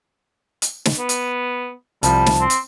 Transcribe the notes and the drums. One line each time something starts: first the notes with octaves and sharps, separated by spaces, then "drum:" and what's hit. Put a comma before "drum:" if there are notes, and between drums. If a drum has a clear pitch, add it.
drum: hi-hat
drum: snare
B3
drum: hi-hat
C2 F3 G3 A5, drum: hi-hat
drum: snare
C4
drum: hi-hat